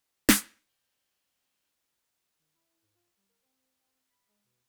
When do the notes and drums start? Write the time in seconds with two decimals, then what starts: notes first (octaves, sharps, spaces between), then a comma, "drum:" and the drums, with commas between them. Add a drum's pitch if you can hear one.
0.29 drum: snare
0.69 C4 D4
2.39 D#3
2.54 E4
2.82 G#2
2.95 F4
3.17 G3
3.29 A#4
3.41 C4
3.80 C4
4.08 B5
4.28 G#3
4.44 B2